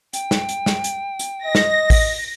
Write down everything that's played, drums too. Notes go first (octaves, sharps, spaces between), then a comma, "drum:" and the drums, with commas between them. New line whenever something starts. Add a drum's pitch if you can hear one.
G5, drum: hi-hat
drum: snare
drum: hi-hat
drum: snare
drum: hi-hat
drum: hi-hat
D#5 A#6
drum: snare
drum: kick A1, open hi-hat